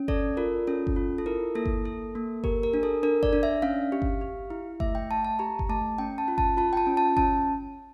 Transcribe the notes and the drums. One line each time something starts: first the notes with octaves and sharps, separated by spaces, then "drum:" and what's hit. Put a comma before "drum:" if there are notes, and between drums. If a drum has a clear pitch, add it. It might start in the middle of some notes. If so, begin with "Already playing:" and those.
Already playing: C#4
A4 D5, drum: kick G1
F4 A#4
C#4 A4
drum: kick G1
F4
A4
E4 A#4
A#3 A4
drum: kick G1
A4
A#3
G4 A#4, drum: kick G1
A#4
D4
A4
D4 A#4
D5, drum: kick G1
D4
E5
C#4 F5
G4
drum: kick G1
G4
E4
A3 E5, drum: kick G1
G5
A3 A5
A5
G4 A#5
drum: kick G1
A3 A5
C#4 G5
A5
F4
A5, drum: kick G1
F4 A5
G5
A5
C#4
A5
C#4 A5, drum: kick G1